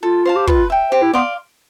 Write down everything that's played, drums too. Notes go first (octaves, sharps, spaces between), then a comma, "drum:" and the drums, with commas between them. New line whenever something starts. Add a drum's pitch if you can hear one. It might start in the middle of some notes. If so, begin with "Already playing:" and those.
F4 A4
C5 F5 A5
G4
F4 B4, drum: kick
E5 G5
G4 C5
E4
B3 D5 F5 C6